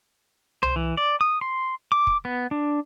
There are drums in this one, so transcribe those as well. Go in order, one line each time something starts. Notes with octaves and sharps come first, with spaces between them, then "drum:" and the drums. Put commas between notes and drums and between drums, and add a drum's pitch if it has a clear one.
C5, drum: tom C2
E3
D5
D#6
C6
D6
drum: kick
B3
D4